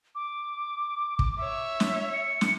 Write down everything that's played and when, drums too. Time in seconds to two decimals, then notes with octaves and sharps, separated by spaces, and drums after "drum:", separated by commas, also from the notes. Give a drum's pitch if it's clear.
0.15 D6
1.19 drum: kick
1.39 C#5 E5
1.80 drum: snare
2.13 C#7
2.41 drum: snare